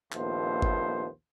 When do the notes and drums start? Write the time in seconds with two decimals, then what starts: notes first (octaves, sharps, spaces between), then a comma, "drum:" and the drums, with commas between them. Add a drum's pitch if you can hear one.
0.12 A#1 D#2 A3 B3 C5, drum: clap
0.62 drum: kick G1